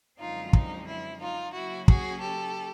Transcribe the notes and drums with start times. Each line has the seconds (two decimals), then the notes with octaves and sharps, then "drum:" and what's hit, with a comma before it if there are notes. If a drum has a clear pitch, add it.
0.20 F#2 D3 F3 G#3 C4 D#4 F4
0.53 D#4, drum: kick
0.88 E4
1.21 D#4 F4
1.54 C#3 F#3 A#3 C#4 E4 F#4
1.88 F#4 G#4, drum: kick
2.22 G4 A4